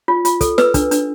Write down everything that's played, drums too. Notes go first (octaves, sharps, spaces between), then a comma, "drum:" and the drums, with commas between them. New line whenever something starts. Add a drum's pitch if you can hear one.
F4
F4, drum: hi-hat
A4, drum: kick, hi-hat
B4 E6, drum: snare
D4, drum: kick, hi-hat
D4, drum: hi-hat